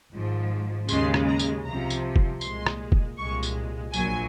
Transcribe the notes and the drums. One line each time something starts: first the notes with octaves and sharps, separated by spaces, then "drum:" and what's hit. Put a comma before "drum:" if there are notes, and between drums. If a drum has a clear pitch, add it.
G#1 G#2 F3
D#2 C#3 G#3 C6, drum: tambourine
drum: rim click
A#5
drum: tambourine
C2 C3 F3 A#5
drum: tambourine
drum: kick F1
C2 A#2 G#3 C6, drum: tambourine
drum: rim click
drum: kick F1
C2 A#2 G#3 C#6
drum: tambourine
A#1 A#2 F#3 G#5, drum: tambourine